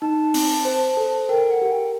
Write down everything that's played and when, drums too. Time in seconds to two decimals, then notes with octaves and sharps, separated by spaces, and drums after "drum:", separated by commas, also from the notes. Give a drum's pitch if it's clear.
0.01 D#4 A5
0.34 C4, drum: open hi-hat
0.65 C5
0.97 A4
1.29 A#4 G5
1.51 F#5
1.62 G4
1.72 G5